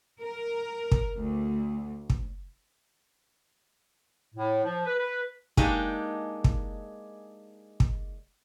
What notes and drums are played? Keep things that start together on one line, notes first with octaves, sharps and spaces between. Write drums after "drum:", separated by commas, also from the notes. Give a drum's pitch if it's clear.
A#4
drum: kick
D2
drum: kick
A2
F3
B4
B4
G#3 A#3 D4 D#4 G4 G#4, drum: kick
drum: kick
drum: kick